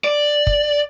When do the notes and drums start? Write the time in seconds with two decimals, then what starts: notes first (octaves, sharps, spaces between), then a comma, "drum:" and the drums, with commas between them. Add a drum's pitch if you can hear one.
0.04 D5
0.47 drum: kick